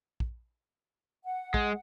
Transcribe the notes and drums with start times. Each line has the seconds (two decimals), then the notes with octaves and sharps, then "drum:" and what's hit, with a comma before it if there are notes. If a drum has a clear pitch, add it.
0.20 drum: kick
1.23 F#5
1.54 G#3, drum: kick